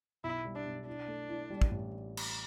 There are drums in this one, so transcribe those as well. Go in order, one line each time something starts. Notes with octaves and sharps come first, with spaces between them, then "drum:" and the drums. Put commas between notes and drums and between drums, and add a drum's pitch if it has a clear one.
B1 E4
G3
D4
B1
D4 E4
A3
E4
G3
drum: kick
A1
drum: cymbal